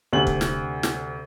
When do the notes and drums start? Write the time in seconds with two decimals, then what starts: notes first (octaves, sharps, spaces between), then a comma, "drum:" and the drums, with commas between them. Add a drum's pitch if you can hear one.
0.13 D2 C3 F#7
0.27 drum: kick
0.41 drum: snare
0.83 drum: snare